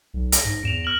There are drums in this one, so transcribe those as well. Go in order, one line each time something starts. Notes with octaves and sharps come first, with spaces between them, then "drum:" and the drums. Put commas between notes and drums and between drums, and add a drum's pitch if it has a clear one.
B1
A#6, drum: hi-hat
G#2
E2 D7 E7 F7
F6 F#7